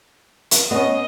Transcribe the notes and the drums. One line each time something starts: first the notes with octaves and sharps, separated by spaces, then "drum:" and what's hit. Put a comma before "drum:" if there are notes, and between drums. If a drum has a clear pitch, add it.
drum: hi-hat
B3 C#4 D#5